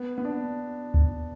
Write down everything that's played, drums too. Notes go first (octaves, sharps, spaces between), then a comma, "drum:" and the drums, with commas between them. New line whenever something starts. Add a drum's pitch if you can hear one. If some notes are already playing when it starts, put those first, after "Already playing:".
Already playing: B3
B3
D4
drum: kick D2